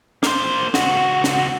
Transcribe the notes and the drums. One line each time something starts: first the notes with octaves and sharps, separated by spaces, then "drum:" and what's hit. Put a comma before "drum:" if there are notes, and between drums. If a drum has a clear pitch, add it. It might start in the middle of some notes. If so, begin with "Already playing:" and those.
A#3 C5, drum: snare
C#2 F#4, drum: snare
drum: snare